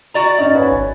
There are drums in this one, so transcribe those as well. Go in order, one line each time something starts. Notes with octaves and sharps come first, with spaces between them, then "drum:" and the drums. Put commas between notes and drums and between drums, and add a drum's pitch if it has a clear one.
F#4 D5 A#5
C#4 D#4
B4 C#5 G#5
drum: kick